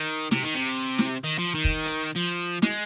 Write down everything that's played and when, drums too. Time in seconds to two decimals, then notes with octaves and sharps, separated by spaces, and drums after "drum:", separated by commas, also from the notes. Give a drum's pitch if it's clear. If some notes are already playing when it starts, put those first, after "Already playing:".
Already playing: D#3
0.31 C3, drum: snare
0.43 D#3
0.55 C3
0.99 drum: snare
1.24 D#3
1.39 F3
1.55 D#3
1.65 drum: kick
1.85 drum: hi-hat
2.16 F3
2.62 G#3, drum: snare